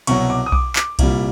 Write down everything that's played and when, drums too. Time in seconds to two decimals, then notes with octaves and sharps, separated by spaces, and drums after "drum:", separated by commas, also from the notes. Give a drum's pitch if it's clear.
0.07 C2 B2 F#3 C#6, drum: cymbal
0.30 D6
0.46 D#6
0.52 D6, drum: kick B1
0.76 D6, drum: clap
0.99 C2 A#2 G3, drum: kick B1, cymbal